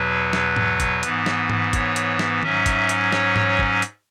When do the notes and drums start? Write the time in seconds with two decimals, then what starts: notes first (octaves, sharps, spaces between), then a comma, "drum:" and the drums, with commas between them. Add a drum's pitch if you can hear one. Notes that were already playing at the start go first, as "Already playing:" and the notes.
Already playing: E2 B2 F#3 B4
0.33 drum: snare
0.56 drum: tom G#2
0.80 drum: kick, hi-hat
1.03 G#2 E3 B3, drum: hi-hat
1.26 drum: snare
1.50 drum: tom G#2
1.73 C#5, drum: kick, hi-hat
1.96 drum: hi-hat
2.19 drum: snare
2.43 G#2 F#3 C#4 E5, drum: tom D#3
2.66 drum: kick, hi-hat
2.89 drum: hi-hat
3.12 C#5, drum: snare
3.36 drum: tom G#2
3.59 drum: kick
3.82 drum: hi-hat